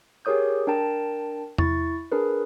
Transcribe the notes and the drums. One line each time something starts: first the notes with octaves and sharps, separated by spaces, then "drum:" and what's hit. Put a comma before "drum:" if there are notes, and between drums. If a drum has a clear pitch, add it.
G4 G#4 A#4 C#5 D#6 G6
D4 A#4 G5 A5 A#5
E4 C#6 A6, drum: tom E2
D4 G#4 A#4 B4